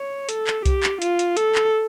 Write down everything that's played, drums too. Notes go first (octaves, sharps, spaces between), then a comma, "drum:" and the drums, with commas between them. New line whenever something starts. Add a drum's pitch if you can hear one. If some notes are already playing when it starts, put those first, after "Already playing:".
Already playing: C#5
A4, drum: hi-hat
drum: clap
G4, drum: kick C2, hi-hat
drum: clap
F4, drum: hi-hat
drum: hi-hat
A4, drum: hi-hat
drum: clap